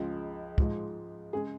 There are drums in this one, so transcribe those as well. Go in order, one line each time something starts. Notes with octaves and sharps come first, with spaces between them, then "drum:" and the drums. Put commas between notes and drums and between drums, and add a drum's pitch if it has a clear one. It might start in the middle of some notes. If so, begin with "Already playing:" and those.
Already playing: C#2 C#3 F3 G#3
G#2 F3 G#3, drum: kick
C#3 G#3 G#4